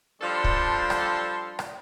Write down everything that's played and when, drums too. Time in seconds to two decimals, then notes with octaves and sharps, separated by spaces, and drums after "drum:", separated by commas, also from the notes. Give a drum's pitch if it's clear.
0.21 F3 G3 D4 A4 C6
0.44 drum: kick
0.90 drum: rim click
1.59 drum: rim click